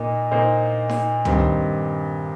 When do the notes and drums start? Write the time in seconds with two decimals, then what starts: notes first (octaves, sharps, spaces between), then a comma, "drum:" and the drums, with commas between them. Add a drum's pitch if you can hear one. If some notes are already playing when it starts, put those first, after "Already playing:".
Already playing: A#2 A#3 D#4
0.31 A#2 A#3 D#4 C5
0.89 drum: snare D#4
1.25 G2 D#3 C4, drum: tom